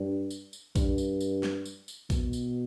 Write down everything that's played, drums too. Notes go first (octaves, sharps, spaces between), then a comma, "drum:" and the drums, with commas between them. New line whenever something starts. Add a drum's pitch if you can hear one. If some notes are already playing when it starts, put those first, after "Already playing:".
Already playing: G2
drum: tambourine
drum: tambourine
G2, drum: kick A#1, tambourine
drum: tambourine
drum: tambourine
drum: snare
drum: tambourine
drum: tambourine
B2, drum: kick A#1, tambourine
drum: tambourine